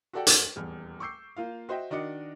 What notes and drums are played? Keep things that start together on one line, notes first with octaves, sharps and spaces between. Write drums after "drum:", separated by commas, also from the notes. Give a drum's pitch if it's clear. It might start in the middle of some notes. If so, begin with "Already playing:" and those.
F#4 G4 A4 D5 F#5 G5
drum: hi-hat
D#1 E2 F6
C#6 D6 E6 G6 C7
A#3 F4 F5
F#4 C5 D#5 E5 G5
D#3 D4 F#4 D#5 D6 C#7